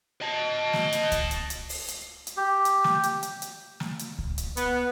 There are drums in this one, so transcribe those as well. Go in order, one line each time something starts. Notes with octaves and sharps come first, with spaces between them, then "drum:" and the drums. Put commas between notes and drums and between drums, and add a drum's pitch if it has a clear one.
D#5 A5
drum: snare
drum: hi-hat
drum: kick C#2, hi-hat
drum: hi-hat
drum: hi-hat
drum: open hi-hat
drum: hi-hat
drum: hi-hat
G4
drum: hi-hat
drum: snare
drum: hi-hat
drum: hi-hat
drum: hi-hat
drum: snare
drum: hi-hat
drum: kick C#2
drum: hi-hat
B3, drum: hi-hat